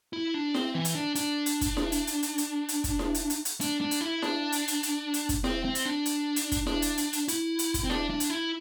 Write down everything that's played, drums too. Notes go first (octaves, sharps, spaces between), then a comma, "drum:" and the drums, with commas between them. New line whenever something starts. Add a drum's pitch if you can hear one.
E4
D4
C4, drum: snare E4
E3
drum: hi-hat
D4
D4, drum: hi-hat
drum: hi-hat
drum: kick, hi-hat
drum: snare E4
drum: hi-hat
drum: hi-hat
drum: hi-hat
drum: hi-hat
drum: hi-hat
drum: kick, hi-hat
drum: snare E4
drum: hi-hat
drum: hi-hat
drum: hi-hat
D4, drum: hi-hat
D4
drum: hi-hat
E4
D4, drum: snare E4
drum: hi-hat
drum: hi-hat
drum: hi-hat
drum: hi-hat
drum: kick, hi-hat
C4, drum: snare E4
C4
drum: hi-hat
D4
drum: hi-hat
drum: hi-hat
drum: kick, hi-hat
D4, drum: snare E4
drum: hi-hat
drum: hi-hat
drum: hi-hat
E4, drum: hi-hat
drum: hi-hat
drum: kick, hi-hat
C4
D4, drum: snare E4
D4
drum: hi-hat
E4